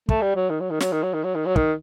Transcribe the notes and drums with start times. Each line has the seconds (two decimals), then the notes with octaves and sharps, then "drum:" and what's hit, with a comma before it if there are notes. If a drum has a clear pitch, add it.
0.09 A3, drum: kick
0.21 G3
0.36 F#3
0.50 D#3
0.60 F#3
0.70 D#3
0.80 F#3, drum: snare
0.92 D#3
1.03 F#3
1.13 D#3
1.24 F#3
1.35 D#3
1.46 F#3
1.56 D#3, drum: kick